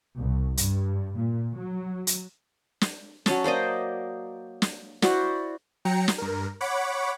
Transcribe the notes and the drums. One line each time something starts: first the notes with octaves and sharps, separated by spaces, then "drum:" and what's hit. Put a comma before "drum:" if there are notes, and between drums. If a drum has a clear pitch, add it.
C2
G2, drum: hi-hat
A#2
F#3
drum: hi-hat
drum: snare
F#3 C#4 A5, drum: snare
A#3 C5 D5 D#5
drum: snare
E4 F#4 C5 D5, drum: snare
F#3 G5 A#5 C#7
drum: snare
G2 A#4
C#5 F#5 B5 C#6 D6